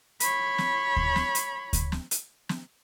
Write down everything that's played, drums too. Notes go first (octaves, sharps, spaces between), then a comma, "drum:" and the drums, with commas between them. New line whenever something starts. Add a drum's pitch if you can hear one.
C#5 B5, drum: hi-hat
drum: snare
drum: kick D2
drum: snare
drum: hi-hat
drum: kick D2, hi-hat
drum: snare
drum: hi-hat
drum: snare